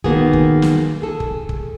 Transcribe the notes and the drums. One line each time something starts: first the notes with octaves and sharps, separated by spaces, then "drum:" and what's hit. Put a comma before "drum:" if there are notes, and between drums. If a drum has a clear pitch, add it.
D#3 A#3 B3 F#4 G#4, drum: kick
drum: kick
drum: snare
G#4 A4
drum: kick
drum: kick